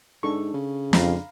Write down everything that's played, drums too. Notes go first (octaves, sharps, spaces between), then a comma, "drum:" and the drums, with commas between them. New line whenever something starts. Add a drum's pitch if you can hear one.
G#2 D4 A4 C#6
C#3
F2 F5 A#5 B5, drum: snare